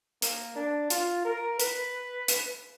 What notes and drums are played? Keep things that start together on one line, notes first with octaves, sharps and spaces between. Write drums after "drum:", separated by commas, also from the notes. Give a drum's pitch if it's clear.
A#3, drum: hi-hat
D4
F4, drum: hi-hat
A#4
B4, drum: hi-hat
drum: hi-hat